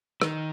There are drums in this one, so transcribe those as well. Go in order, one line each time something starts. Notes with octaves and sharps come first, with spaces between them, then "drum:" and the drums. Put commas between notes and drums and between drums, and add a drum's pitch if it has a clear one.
D#3, drum: rim click